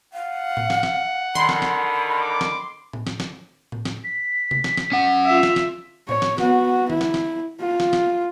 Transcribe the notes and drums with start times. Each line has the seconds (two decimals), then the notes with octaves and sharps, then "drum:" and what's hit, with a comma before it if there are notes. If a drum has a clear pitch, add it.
0.14 F5 F#5
0.57 drum: tom A2
0.70 drum: snare
0.83 drum: snare
1.35 D3 D#3 B5 C6, drum: tom D#3
1.49 drum: snare
1.62 drum: snare
2.21 D6
2.41 drum: snare
2.93 drum: tom A2
3.07 drum: snare
3.20 drum: snare
3.72 drum: tom A2
3.85 drum: snare
4.04 B6
4.51 drum: tom C3
4.64 drum: snare
4.77 drum: snare
4.92 C#4 F#5
5.25 F4 E5
5.43 drum: snare
5.56 drum: snare
6.09 C#5, drum: tom A2
6.22 drum: snare
6.38 B3 F#4, drum: snare
6.90 E4, drum: tom D#3
7.01 drum: snare
7.14 drum: snare
7.61 F4
7.80 drum: snare
7.93 drum: snare